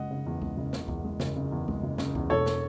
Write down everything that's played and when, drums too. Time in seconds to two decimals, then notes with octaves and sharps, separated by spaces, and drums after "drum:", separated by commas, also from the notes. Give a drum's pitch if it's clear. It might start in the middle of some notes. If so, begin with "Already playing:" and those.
Already playing: F#1 G#3 D#5 F#5
0.11 C#3
0.26 E2
0.42 G#3, drum: kick C2
0.57 F#1
0.73 C#3, drum: snare
0.88 E2, drum: kick C2
1.04 G#3
1.20 F#1, drum: snare
1.36 C#3
1.52 E2
1.68 G#3, drum: kick C2
1.83 F#1
1.98 C#3, drum: snare
2.15 E2, drum: kick C2
2.30 E1 A4 C#5
2.46 drum: snare